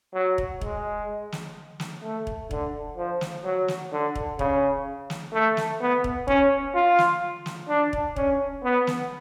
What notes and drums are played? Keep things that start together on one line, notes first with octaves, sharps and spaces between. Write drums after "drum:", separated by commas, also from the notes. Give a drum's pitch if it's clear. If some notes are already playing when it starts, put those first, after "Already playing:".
F#3
drum: kick E1
G#3, drum: kick E1
drum: snare
drum: snare
A3
drum: kick E1
D3, drum: kick E1
F3
drum: snare
F#3
drum: snare
D3
drum: kick E1
C#3, drum: kick E1
drum: snare
A3
drum: snare
B3
drum: kick E1
C#4, drum: kick E1
F4
drum: snare
drum: snare
D4
drum: kick E1
C#4, drum: kick E1
B3
drum: snare